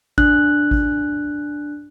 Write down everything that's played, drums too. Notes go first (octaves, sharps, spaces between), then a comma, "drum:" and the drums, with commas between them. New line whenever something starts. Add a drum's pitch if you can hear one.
D4 F#6, drum: kick G#1
drum: kick G#1